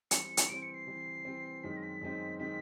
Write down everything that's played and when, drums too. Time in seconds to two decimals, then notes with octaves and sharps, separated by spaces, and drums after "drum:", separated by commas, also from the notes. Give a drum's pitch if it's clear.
0.11 E3 G3 C4 C#7, drum: hi-hat
0.37 drum: hi-hat
0.49 E3 G3 C4 D7
0.62 C#7
0.74 C7
0.87 E3 G3 C4
1.25 E3 G3 C4
1.63 F#2 D#3 G#3 C4 D#4 B6
1.77 A#6
1.82 B6
2.01 F#2 D#3 G#3 C4 D#4
2.39 D#3 G#3 C4 D#4 B6